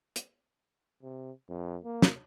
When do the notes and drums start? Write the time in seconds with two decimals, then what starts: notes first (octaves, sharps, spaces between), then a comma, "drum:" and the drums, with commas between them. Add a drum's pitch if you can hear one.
0.16 drum: hi-hat
1.03 C3
1.49 F2
1.85 A#3
2.02 drum: snare